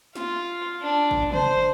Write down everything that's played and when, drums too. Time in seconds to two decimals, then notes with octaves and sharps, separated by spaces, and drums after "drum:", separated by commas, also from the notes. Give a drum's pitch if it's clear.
0.15 F4, drum: snare
0.82 D4
1.11 drum: kick
1.32 C5, drum: tom